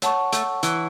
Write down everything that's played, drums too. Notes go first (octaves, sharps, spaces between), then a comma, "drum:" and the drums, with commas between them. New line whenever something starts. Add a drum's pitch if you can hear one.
A3 C#5 F#5 A5 C#6, drum: hi-hat
A3, drum: hi-hat
E3, drum: hi-hat